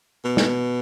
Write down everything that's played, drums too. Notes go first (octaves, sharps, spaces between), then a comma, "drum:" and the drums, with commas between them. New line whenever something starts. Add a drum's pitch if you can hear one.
B2
drum: snare